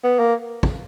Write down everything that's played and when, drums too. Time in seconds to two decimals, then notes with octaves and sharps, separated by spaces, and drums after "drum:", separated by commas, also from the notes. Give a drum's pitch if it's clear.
0.04 B3
0.19 A#3
0.63 drum: kick